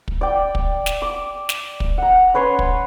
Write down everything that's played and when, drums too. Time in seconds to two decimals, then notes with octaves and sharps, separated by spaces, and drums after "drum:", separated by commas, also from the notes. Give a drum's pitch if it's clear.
0.08 drum: kick
0.21 D5 G5
0.55 drum: kick
0.86 drum: snare
1.02 D6
1.49 drum: snare
1.80 drum: kick
1.98 F#5 A#5
2.34 C#4 B4 C#5 C6
2.59 drum: kick